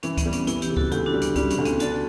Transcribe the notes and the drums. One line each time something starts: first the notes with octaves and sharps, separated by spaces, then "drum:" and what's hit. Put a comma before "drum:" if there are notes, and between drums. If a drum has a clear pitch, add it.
E3 C#4, drum: hi-hat
B3, drum: kick C#2, hi-hat
G3
C#4, drum: hi-hat
E3 E4, drum: hi-hat
E4 G4, drum: hi-hat
C#3
F#4 A4, drum: kick C#2
D2 E4 G4, drum: hi-hat
D4 F#4
G3
D4, drum: hi-hat
G3 C#4, drum: kick C#2, hi-hat
C#4, drum: hi-hat
D2
B3, drum: hi-hat
D4 F#4 A4, drum: hi-hat